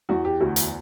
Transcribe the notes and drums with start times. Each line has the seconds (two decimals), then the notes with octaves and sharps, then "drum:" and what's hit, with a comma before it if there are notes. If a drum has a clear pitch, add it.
0.09 E2 F#4
0.25 G4
0.40 D2 F#4
0.56 drum: hi-hat